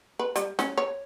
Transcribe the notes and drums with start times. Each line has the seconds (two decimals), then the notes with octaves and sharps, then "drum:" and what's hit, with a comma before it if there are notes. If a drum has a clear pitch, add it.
0.19 B4
0.36 G3, drum: hi-hat
0.59 C#4, drum: snare
0.77 C#5